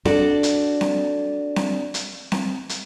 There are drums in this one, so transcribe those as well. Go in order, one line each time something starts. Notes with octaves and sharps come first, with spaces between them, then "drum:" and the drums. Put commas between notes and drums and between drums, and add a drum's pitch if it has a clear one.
D4 F#4 A4 D5, drum: snare C4
drum: hi-hat
drum: snare C4
drum: snare C4
drum: hi-hat
drum: snare C4
drum: hi-hat